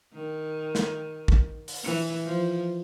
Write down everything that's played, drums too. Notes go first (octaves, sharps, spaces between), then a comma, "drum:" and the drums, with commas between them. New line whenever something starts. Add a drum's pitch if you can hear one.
D#3
drum: snare
drum: kick
drum: open hi-hat
E3
F3